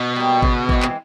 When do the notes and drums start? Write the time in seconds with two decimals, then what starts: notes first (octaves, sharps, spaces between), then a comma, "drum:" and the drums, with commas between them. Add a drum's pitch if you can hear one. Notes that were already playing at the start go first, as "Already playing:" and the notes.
Already playing: B2
0.16 G3 A#3
0.42 C#3, drum: kick G#1
0.69 E3 G#3 C4, drum: kick G#1
0.82 drum: clap